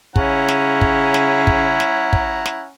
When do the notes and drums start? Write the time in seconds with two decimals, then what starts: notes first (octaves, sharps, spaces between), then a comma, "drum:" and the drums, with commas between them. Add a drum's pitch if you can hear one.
0.16 C#3 C#4 E4 F#5 A#5, drum: kick
0.48 drum: snare
0.81 drum: kick
1.14 drum: snare
1.47 drum: kick
1.80 drum: snare
2.13 drum: kick
2.46 drum: snare